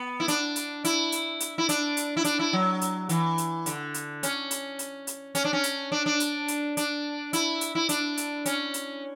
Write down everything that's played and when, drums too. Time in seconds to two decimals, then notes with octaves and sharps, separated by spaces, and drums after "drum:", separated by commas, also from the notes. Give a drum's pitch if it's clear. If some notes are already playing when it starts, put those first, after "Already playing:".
Already playing: B3
0.20 E4
0.28 D4, drum: hi-hat
0.56 drum: hi-hat
0.85 E4, drum: hi-hat
1.12 drum: hi-hat
1.40 drum: hi-hat
1.58 E4
1.69 D4, drum: hi-hat
1.97 drum: hi-hat
2.17 E4
2.24 D4, drum: hi-hat
2.39 E4
2.53 F#3
2.81 drum: hi-hat
3.09 E3, drum: hi-hat
3.38 drum: hi-hat
3.66 D3, drum: hi-hat
3.94 drum: hi-hat
4.23 C#4, drum: hi-hat
4.51 drum: hi-hat
4.79 drum: hi-hat
5.07 drum: hi-hat
5.35 C#4, drum: hi-hat
5.45 D4
5.53 C#4
5.64 drum: hi-hat
5.92 D4
6.06 D4
6.20 drum: hi-hat
6.48 drum: hi-hat
6.77 D4, drum: hi-hat
7.33 E4, drum: hi-hat
7.61 drum: hi-hat
7.75 E4
7.89 D4, drum: hi-hat
8.17 drum: hi-hat
8.46 C#4, drum: hi-hat
8.74 drum: hi-hat